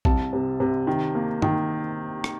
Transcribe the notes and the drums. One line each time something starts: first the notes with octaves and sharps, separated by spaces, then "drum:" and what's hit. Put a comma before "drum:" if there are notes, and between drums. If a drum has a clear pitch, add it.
C2 A5, drum: kick A#1
C3
C3
D#3
A#3
D#3, drum: tom
drum: rim click